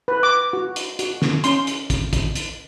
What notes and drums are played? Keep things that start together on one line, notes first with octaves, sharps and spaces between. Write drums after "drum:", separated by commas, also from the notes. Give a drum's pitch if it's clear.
B4
D6
F#4
drum: hi-hat
F#4, drum: hi-hat
drum: snare
C#4 C6, drum: hi-hat
drum: hi-hat
drum: kick, hi-hat
drum: kick, hi-hat
drum: hi-hat